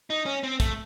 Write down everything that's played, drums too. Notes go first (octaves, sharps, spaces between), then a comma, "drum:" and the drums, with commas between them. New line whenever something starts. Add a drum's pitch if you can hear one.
D#4
C#4
C4
A3, drum: kick, hi-hat